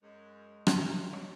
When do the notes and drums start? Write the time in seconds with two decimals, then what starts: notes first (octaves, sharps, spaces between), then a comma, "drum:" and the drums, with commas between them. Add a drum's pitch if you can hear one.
0.03 F#2 G#3
0.67 F#2, drum: rim click
1.13 D#2 D4 C#5